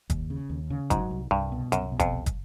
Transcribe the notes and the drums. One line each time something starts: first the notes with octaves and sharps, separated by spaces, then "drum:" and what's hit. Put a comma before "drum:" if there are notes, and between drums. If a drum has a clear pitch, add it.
D#2, drum: kick, hi-hat
C#3
D#2
C#3
G#2 F#3, drum: kick, hi-hat
C2
C2 G2
B2
C2 F#2, drum: hi-hat
B2
F2, drum: kick, hi-hat
C2
drum: kick, hi-hat